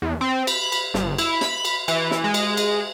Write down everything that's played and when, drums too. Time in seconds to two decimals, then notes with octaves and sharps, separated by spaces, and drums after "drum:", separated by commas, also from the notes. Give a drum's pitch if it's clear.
0.02 E2
0.21 C4
0.47 B5, drum: cymbal
0.72 drum: cymbal
0.94 G1, drum: snare
1.18 E4, drum: cymbal
1.41 B5, drum: snare
1.65 drum: cymbal
1.88 E3, drum: cymbal
2.11 drum: snare
2.24 G#3
2.34 drum: cymbal
2.57 drum: cymbal